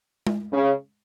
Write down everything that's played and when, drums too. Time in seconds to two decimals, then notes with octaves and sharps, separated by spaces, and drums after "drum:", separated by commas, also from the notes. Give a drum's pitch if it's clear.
0.27 drum: tom G#3
0.52 C#3